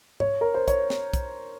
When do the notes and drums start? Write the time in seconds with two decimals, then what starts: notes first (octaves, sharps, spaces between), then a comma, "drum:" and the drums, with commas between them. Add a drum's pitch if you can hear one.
0.20 C#5, drum: tom G#2
0.41 A#4
0.54 C5
0.68 C#5, drum: kick, hi-hat
0.90 drum: snare
1.13 drum: kick, hi-hat